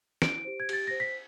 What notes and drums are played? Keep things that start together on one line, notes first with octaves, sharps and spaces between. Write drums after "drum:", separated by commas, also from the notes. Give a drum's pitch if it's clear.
E4 D7, drum: snare
G4 C5
G#6
G4 A6, drum: cymbal
C5 A#6
B6